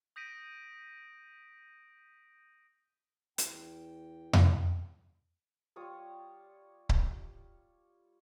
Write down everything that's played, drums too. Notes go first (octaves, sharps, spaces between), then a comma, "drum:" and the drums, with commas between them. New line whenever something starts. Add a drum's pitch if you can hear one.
D#6 G6 A#6 B6 D7 D#7
E2 G5, drum: hi-hat
drum: tom F2
G3 F4 C#5 D#6
drum: kick C#1